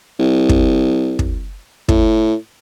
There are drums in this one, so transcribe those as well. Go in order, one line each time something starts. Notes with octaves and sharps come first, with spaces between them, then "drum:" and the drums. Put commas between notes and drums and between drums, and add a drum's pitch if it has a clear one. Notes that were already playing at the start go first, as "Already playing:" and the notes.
C2
drum: kick
drum: kick
A2, drum: kick